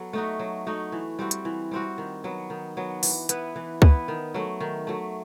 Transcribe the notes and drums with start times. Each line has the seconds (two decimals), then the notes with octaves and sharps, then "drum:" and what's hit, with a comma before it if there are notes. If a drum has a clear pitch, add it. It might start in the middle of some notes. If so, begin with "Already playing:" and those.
Already playing: F#3 B3 A4
0.13 A3 D#4 F#4
0.39 F#3
0.67 A3 D#4 F#4
0.92 E3
1.19 G3 C4 F#4
1.31 drum: hi-hat
1.45 E3
1.71 G3 C4 F#4
1.98 D#3
2.24 F#3 B3
2.50 D#3
2.77 F#3 B3
3.03 E3, drum: open hi-hat
3.29 B3 E4 B4, drum: hi-hat
3.56 E3
3.82 B3 E4 B4, drum: kick C#2
4.08 D#3
4.34 F#3 A3
4.60 D#3
4.87 F#3 A3